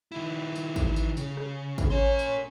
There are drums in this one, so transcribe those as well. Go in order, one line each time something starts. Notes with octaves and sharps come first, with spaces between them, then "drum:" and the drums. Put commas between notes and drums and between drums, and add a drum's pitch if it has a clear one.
D#3 E4
drum: tambourine
drum: kick, tambourine
drum: tambourine
C#3, drum: tambourine
drum: rim click
drum: kick, tambourine
C#4 A#4 C#5 C6
drum: tambourine